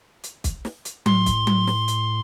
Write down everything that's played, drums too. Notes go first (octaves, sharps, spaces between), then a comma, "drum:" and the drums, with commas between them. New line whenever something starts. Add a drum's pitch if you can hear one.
drum: hi-hat
drum: kick, hi-hat
drum: snare
drum: hi-hat
A2 C6, drum: tom F#3
drum: kick, hi-hat
drum: tom F#3
drum: snare
drum: hi-hat